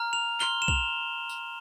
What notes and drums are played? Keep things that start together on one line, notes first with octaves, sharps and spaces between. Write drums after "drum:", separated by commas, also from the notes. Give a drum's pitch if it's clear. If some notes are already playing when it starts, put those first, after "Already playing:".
Already playing: A#5 F6
F7
C6 F6 G7, drum: clap
E7
F7, drum: kick
drum: tambourine